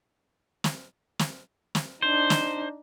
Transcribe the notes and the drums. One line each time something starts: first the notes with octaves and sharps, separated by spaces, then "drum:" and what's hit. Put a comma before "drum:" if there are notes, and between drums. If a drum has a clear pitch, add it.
drum: snare
drum: snare
drum: snare
D4 D#4 C5
drum: snare